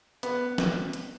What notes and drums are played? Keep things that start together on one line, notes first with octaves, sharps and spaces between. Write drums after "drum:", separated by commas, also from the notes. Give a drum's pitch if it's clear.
B3, drum: hi-hat
drum: snare
drum: hi-hat